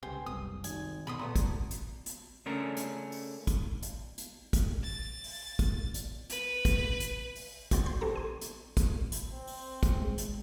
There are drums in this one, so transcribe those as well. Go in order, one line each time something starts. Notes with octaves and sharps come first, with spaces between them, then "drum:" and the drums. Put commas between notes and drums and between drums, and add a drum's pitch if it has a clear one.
C#2 C3 B4 C5 G5 G#5
F#1 C2 C3 D#6
G#1 D#3 G#5, drum: hi-hat
B2 B5 C6 D#6
A#2 A3 B3 A5 A#5
drum: kick, hi-hat
drum: hi-hat
drum: hi-hat
C#3 A3 C#4 D4 A#4
drum: hi-hat
drum: open hi-hat
drum: kick, hi-hat
drum: hi-hat
drum: hi-hat
drum: kick, hi-hat
A6
drum: open hi-hat
drum: kick, hi-hat
drum: hi-hat
B4, drum: hi-hat
drum: kick, hi-hat
drum: hi-hat
drum: open hi-hat
G#1 C#2 C4 F#4 D5, drum: kick, hi-hat
C6 G6 G#6
A#1 C4 D4 G4 A4 A#5
G#5 C6
drum: hi-hat
drum: kick, hi-hat
drum: hi-hat
C4
drum: open hi-hat
drum: kick, hi-hat
G#3
drum: hi-hat